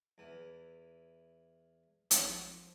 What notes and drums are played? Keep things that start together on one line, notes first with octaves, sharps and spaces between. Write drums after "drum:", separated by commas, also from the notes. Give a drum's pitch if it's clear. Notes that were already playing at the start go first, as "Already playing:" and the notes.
E2 E3
F3 C4, drum: hi-hat